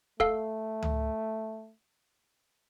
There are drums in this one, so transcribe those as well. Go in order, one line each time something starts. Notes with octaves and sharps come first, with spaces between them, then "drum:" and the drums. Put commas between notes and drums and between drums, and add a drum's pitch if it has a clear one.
A3 A4 F5, drum: kick
drum: tom C#2